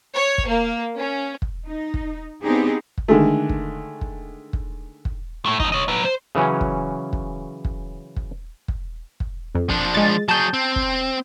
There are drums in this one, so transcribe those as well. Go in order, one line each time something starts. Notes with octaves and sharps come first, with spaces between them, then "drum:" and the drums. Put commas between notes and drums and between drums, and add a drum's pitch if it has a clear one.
C#5
drum: kick
A#3
C#4
drum: kick
D#4
drum: kick
B3 C4 D4 D#4 G4 G#4
drum: kick
D3 D#3 G#3 A3
drum: kick
drum: kick
drum: kick
drum: kick
A2 A3
F2 D#4, drum: kick
C#5 D#5
F#3 B4
C5
C#3 E3 F#3 C#4
drum: kick
drum: kick
drum: kick
drum: kick
drum: kick
drum: kick
F2
F3 D4, drum: kick
G#3 A6
F#3 G#4 A5 G6
C4
drum: kick